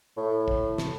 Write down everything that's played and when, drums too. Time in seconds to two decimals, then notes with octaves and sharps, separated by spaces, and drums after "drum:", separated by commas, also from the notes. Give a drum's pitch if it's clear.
0.17 A2
0.48 drum: kick
0.78 drum: snare